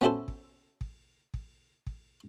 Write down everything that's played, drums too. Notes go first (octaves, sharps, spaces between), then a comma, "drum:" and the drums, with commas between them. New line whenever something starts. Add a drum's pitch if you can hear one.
B3 C#4 E4 F#4 A4 C5
drum: kick
drum: kick
drum: kick
drum: kick